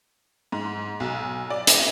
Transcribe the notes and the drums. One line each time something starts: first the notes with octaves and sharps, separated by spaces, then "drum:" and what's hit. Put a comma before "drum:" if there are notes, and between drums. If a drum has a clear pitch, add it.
G#2
B1
D5
drum: hi-hat